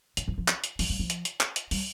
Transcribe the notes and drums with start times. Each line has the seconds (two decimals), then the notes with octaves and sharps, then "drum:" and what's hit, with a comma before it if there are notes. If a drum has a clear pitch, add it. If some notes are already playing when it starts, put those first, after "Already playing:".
0.17 D#3, drum: hi-hat
0.28 F3
0.38 F3
0.48 drum: clap
0.64 drum: hi-hat
0.79 F3, drum: open hi-hat
0.90 G3
0.99 F3
1.10 drum: hi-hat
1.25 drum: hi-hat
1.41 drum: clap
1.56 drum: hi-hat
1.71 G3, drum: open hi-hat